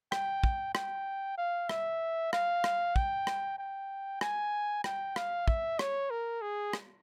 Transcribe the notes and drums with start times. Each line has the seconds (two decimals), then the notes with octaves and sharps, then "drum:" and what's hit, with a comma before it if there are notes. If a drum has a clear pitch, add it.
0.12 G5, drum: rim click
0.44 drum: kick
0.75 G5, drum: rim click
1.38 F5
1.69 E5, drum: rim click
2.33 F5, drum: rim click
2.64 drum: rim click
2.96 G5, drum: kick
3.27 drum: rim click
3.59 G5
4.21 G#5, drum: rim click
4.84 G5, drum: rim click
5.16 F5, drum: rim click
5.48 E5, drum: kick
5.79 C#5, drum: rim click
6.10 A#4
6.42 G#4
6.73 drum: rim click